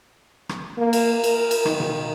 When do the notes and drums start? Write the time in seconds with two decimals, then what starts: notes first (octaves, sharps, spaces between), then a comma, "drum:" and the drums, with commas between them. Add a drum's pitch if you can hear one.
0.49 drum: rim click
0.78 A#3
0.93 drum: cymbal
1.24 A#4, drum: cymbal
1.51 drum: cymbal
1.65 D#3, drum: rim click
1.80 drum: tom B2